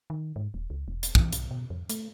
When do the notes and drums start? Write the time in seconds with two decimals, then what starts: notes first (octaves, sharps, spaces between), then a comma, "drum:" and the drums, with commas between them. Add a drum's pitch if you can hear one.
0.10 D#3
0.36 G#2
0.54 D#1
0.70 C#2
0.88 E1
1.03 drum: hi-hat
1.15 E3, drum: kick
1.33 B1, drum: hi-hat
1.51 B2
1.70 F2
1.89 A3, drum: hi-hat